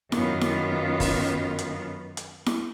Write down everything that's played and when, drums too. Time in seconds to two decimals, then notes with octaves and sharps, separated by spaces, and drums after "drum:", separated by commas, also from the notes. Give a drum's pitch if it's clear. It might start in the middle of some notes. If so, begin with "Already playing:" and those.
0.12 F#2 D#3 B3 F4, drum: snare E4
0.41 drum: snare E4
1.00 drum: kick, open hi-hat
1.59 drum: hi-hat
2.17 drum: hi-hat
2.46 drum: snare E4